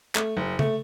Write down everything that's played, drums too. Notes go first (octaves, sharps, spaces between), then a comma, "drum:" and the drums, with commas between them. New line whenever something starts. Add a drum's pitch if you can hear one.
A3, drum: clap
F#1
A3, drum: tom C#3